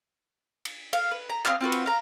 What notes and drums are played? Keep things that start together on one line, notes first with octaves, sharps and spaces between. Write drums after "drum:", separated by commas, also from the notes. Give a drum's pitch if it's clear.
drum: cymbal
F5, drum: cymbal
B4
A#5
C4 F5 D#6 F6, drum: clap
C4 F4 F#4 B4
drum: cymbal
F5 A#5